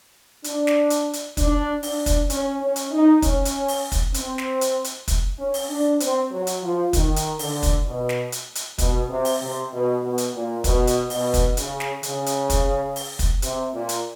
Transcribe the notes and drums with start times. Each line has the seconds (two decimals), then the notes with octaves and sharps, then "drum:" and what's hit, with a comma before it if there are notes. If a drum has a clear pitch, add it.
0.44 D4, drum: hi-hat
0.67 drum: snare
0.90 drum: hi-hat
1.13 drum: hi-hat
1.37 D4, drum: kick, hi-hat
1.83 D4, drum: open hi-hat
2.06 drum: kick, hi-hat
2.30 C#4, drum: hi-hat
2.61 C#4
2.76 drum: hi-hat
2.91 D#4
3.22 C#4, drum: kick, hi-hat
3.45 drum: hi-hat
3.68 drum: open hi-hat
3.92 drum: kick, hi-hat
4.14 C4, drum: hi-hat
4.38 drum: snare
4.61 drum: hi-hat
4.84 drum: hi-hat
5.08 drum: kick, hi-hat
5.38 C#4
5.54 drum: open hi-hat
5.70 D4
6.00 C4, drum: hi-hat
6.31 F#3
6.47 drum: hi-hat
6.62 F3
6.93 D#3, drum: kick, hi-hat
7.16 drum: hi-hat
7.39 D3, drum: open hi-hat
7.63 drum: kick, hi-hat
7.86 B2
8.09 drum: snare
8.32 drum: hi-hat
8.55 drum: hi-hat
8.78 B2, drum: kick, hi-hat
9.09 C3
9.25 drum: open hi-hat
9.41 C3
9.72 B2
10.02 B2
10.18 drum: hi-hat
10.33 A#2
10.64 B2, drum: kick, hi-hat
10.87 drum: hi-hat
11.10 B2, drum: open hi-hat
11.34 drum: kick, hi-hat
11.57 C#3, drum: hi-hat
11.80 drum: snare
12.03 C#3, drum: hi-hat
12.26 drum: hi-hat
12.50 drum: kick, hi-hat
12.96 drum: open hi-hat
13.19 drum: kick, hi-hat
13.42 C3, drum: hi-hat
13.73 A#2
13.89 drum: hi-hat